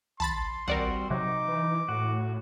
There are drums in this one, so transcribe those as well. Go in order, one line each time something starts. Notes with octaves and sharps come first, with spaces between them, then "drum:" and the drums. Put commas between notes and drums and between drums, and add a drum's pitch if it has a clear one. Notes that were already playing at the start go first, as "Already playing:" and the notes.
A5 B5 C6 A6, drum: tom
G3 C4 F#4 A#4 D5 F#5, drum: tom
C3 F#3 D#4 D6
E3
A2 F#4